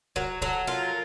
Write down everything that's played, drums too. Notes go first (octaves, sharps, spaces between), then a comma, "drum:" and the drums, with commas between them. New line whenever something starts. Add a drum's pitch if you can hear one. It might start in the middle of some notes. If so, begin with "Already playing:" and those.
F#3 A#4, drum: kick
F#3 A4, drum: kick
F4 A#4